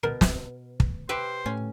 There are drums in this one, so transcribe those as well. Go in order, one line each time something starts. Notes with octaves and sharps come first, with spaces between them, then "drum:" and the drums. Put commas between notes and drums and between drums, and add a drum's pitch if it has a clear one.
B2 A#4
drum: snare
drum: kick
G4 B4 C5 E5
A2 C#4